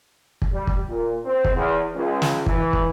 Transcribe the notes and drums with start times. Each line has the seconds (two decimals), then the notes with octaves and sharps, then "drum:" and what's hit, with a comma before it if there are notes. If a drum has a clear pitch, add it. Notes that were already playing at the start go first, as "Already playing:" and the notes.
0.42 drum: kick
0.54 G3
0.67 drum: kick
0.89 A#2
1.26 C4
1.45 drum: kick
1.56 E2
1.96 C#2
2.22 drum: snare
2.46 E3, drum: kick
2.73 drum: kick